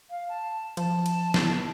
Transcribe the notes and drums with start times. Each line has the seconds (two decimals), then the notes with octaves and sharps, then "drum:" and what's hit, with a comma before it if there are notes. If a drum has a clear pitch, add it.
0.10 F5
0.28 A5
0.77 F3 A5, drum: cymbal
1.06 drum: cymbal
1.34 drum: snare